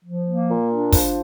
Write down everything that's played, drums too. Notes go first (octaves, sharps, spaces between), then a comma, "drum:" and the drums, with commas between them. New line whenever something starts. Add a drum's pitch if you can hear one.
F3
A#3
A#2
D4
F3, drum: kick, open hi-hat